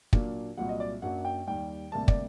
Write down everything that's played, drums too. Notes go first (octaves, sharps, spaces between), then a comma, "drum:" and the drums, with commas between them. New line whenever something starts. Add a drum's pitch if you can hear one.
A#2 F#3 A#3 D4, drum: kick
C2 A#2 F#3 F#5
D#5
D5
F#2 F#3 A#3 D4 F#5
G5
D#2 D#3 G3 G5
D2 C3 G3 A#3 A5
D5, drum: kick